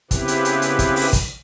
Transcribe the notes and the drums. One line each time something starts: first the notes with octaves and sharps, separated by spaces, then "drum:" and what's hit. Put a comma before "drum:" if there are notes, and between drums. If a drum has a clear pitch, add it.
C#3 B3 C4 E4 G4 B4, drum: kick, hi-hat
drum: hi-hat
drum: hi-hat
drum: hi-hat
drum: kick, hi-hat
drum: open hi-hat
drum: kick, hi-hat